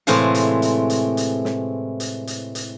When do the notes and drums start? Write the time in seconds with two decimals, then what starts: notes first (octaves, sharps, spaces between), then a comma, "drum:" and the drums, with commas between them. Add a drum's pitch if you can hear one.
0.07 A2 C3 E3 G#3 C5 F5, drum: hi-hat
0.34 drum: hi-hat
0.62 drum: hi-hat
0.90 drum: hi-hat
1.17 drum: hi-hat
1.45 drum: snare
2.00 drum: hi-hat
2.27 drum: hi-hat
2.55 drum: hi-hat